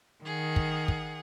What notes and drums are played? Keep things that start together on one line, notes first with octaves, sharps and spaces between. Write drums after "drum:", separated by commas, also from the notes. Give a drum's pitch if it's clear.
D#3 G#4 F#5
drum: kick
drum: kick